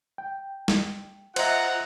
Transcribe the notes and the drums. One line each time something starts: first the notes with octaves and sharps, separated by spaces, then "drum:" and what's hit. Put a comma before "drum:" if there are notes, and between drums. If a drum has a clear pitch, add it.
G5
drum: snare
F4 C5 D#5 E5 F#5 A#5, drum: cymbal